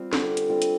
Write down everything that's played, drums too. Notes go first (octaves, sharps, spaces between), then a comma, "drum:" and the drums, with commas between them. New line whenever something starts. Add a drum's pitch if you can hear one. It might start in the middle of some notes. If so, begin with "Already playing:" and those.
Already playing: G3 C4 F4
D3, drum: snare
drum: hi-hat
G3 C4 F4
drum: hi-hat